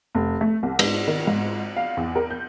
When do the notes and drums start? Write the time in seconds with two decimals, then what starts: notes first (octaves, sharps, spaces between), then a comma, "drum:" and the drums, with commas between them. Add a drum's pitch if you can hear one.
0.15 F1
0.41 A3
0.63 C2
0.79 G#2, drum: cymbal
1.07 D#3
1.27 G#2
1.76 F5
1.97 E2
2.16 A#4
2.30 G6